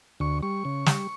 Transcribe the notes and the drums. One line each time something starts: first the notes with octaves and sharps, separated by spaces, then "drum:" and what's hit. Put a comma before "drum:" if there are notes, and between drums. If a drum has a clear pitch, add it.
D2 C#6
G3 C#6
C#3
G3, drum: snare